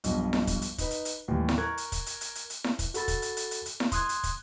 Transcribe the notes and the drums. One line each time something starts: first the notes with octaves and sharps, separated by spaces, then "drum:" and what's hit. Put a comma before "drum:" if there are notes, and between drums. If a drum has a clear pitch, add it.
B1 G2 F3 D#5, drum: hi-hat
drum: snare E4
drum: kick, hi-hat
drum: hi-hat
D#4 B4, drum: kick, hi-hat
drum: hi-hat
drum: hi-hat
D#2 A2 E3 G3
drum: snare E4
A#4 C#6 F#6 G#6
drum: hi-hat
drum: kick, hi-hat
drum: hi-hat
drum: hi-hat
drum: hi-hat
drum: hi-hat
drum: snare E4
drum: kick, hi-hat
F#4 A4 B5 A6, drum: hi-hat
drum: kick, hi-hat
drum: hi-hat
drum: hi-hat
drum: hi-hat
drum: hi-hat
drum: snare E4
C6 D#6 F#6 G#6, drum: kick, hi-hat
drum: hi-hat
drum: kick, hi-hat